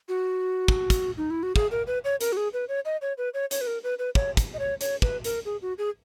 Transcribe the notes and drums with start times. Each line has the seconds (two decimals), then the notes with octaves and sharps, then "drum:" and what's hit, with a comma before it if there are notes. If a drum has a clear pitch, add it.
0.09 F#4
0.68 drum: kick
0.90 drum: kick, hi-hat
1.17 D#4
1.30 E4
1.43 F#4
1.56 G#4, drum: kick
1.71 A#4
1.87 B4
2.04 C#5
2.21 A#4, drum: hi-hat
2.32 F#4
2.37 G#4
2.53 B4
2.69 C#5
2.85 D#5
3.02 C#5
3.18 B4
3.34 C#5
3.51 C#5, drum: hi-hat
3.61 B4
3.67 A#4
3.84 B4
3.99 B4
4.15 C#5, drum: kick
4.37 drum: kick, hi-hat
4.54 D#5
4.59 C#5
4.81 C#5, drum: hi-hat
5.02 B4, drum: kick
5.24 A#4, drum: hi-hat
5.45 G#4
5.62 F#4
5.78 G#4